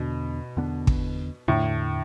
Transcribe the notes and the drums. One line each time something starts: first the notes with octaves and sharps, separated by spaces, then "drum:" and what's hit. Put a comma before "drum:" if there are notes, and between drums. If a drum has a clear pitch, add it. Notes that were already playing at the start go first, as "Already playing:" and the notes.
Already playing: E2 B2 D3 B3 D4
E2 D3 B3 D4
drum: kick
E2 A2 D3 B3 D4